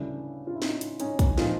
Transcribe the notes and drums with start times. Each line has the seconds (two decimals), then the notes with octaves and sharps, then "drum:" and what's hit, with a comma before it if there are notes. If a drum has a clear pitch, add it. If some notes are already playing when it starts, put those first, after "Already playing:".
Already playing: D2 C#3 E3 G3 D4 E4
0.47 F4
0.55 E4
0.62 C#4 D#4, drum: snare
0.81 drum: hi-hat
1.00 C#4 D#4, drum: hi-hat
1.19 drum: kick, hi-hat
1.38 A#2 F3 D#4 F4, drum: snare